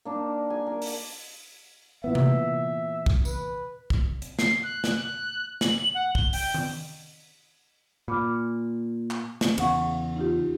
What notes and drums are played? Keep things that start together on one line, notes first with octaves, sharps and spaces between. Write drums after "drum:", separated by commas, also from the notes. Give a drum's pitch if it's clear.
A#3 D4 D#4
G#5
A#4
drum: open hi-hat
A#2 E3 B3 E5
drum: tom C3
drum: kick
B4, drum: tambourine
drum: kick
drum: hi-hat
C7, drum: snare
F#6
drum: snare
F#6
F#7, drum: snare
F#5
G7, drum: kick
G5, drum: open hi-hat
drum: tom D#3
A#2 B5 D6 F6
drum: clap
drum: snare
E2 C#3 F5 F#5 C#6, drum: cymbal
D#4 F4 G4